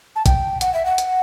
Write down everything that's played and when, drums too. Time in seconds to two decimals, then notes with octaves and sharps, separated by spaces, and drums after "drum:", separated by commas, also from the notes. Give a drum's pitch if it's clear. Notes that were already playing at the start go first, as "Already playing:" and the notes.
0.16 A5
0.26 G5, drum: kick, hi-hat
0.61 F#5, drum: hi-hat
0.74 E5
0.85 F#5
0.98 drum: hi-hat